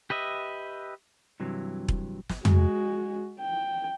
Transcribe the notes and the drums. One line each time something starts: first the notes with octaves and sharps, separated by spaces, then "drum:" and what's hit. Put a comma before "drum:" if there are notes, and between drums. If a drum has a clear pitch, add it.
G4 B4 D#5 E5
G2 C3 E3 F#3
drum: kick E1
drum: snare
G#3 F#4, drum: tom
G5